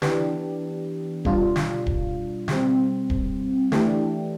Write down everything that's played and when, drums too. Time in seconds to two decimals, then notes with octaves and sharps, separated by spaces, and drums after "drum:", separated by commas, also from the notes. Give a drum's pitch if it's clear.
0.02 E3 B3 D4 G4, drum: snare
1.25 B2 G3 D4 F4, drum: kick D1
1.56 drum: snare
1.86 drum: kick D1
2.48 B2 G3 C4, drum: snare
3.10 drum: kick D1
3.72 E3 A3 D4 G4, drum: snare